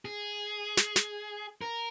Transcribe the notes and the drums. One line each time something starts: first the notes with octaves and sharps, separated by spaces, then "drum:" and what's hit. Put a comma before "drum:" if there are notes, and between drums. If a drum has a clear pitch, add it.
G#4
drum: snare
drum: snare
A#4